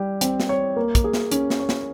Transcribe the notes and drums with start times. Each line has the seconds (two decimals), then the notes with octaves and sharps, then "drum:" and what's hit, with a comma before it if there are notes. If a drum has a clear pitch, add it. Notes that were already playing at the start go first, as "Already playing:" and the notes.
Already playing: G3 G4
0.21 C4, drum: hi-hat
0.40 drum: snare
0.49 C#5
0.76 A#3
0.95 drum: kick, hi-hat
1.04 G#4
1.13 drum: snare
1.32 C#4, drum: hi-hat
1.50 drum: snare
1.59 C#5
1.69 drum: snare